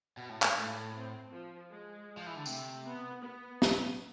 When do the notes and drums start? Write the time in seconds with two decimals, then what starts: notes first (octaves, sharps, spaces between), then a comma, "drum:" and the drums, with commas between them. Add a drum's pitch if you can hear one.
0.17 B2
0.29 A2
0.42 G#2, drum: clap
0.54 A2 A3
0.94 C4
1.31 F3
1.70 G#3
2.17 F3
2.26 E3
2.36 D3
2.46 C3 A3, drum: tambourine
2.84 B3
3.22 B3
3.62 drum: snare